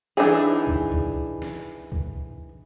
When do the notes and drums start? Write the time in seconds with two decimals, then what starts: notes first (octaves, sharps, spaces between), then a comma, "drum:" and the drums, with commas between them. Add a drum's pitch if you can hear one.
0.17 E3 F3 D4 D#4 G#4
0.67 drum: kick C#2
0.92 drum: kick C#2
1.42 drum: snare
1.92 drum: kick C#2